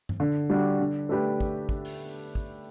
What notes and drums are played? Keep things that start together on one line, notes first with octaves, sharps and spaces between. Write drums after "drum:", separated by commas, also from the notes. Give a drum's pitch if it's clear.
drum: tom G2
D3
G3 D4 F#4
D3
A3 D4 G4 B4
drum: kick
drum: kick
drum: open hi-hat
drum: kick